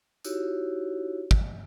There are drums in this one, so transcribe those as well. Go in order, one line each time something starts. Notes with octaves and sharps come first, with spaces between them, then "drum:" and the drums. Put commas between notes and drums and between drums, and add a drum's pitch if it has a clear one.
D#4 E4 F#4 G4 C#5, drum: tambourine
drum: kick